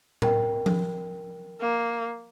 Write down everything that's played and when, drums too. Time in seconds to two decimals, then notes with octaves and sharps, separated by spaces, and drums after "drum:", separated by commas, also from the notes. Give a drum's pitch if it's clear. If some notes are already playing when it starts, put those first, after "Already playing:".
0.22 A#4 G5, drum: tom A2
0.66 drum: tom F3
1.61 A#3